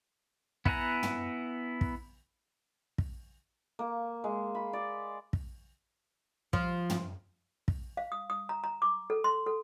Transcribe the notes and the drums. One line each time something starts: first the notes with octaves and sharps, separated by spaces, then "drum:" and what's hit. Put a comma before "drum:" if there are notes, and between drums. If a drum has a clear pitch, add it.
B3 E4 F#5 G#5 A#5, drum: kick
drum: tom
drum: kick
drum: kick
A#3
G#3
B5
D5
drum: kick
F3, drum: kick
drum: tom
drum: kick
F5
D#6
D#6
A#5
A#5
D6
A4
C6
A4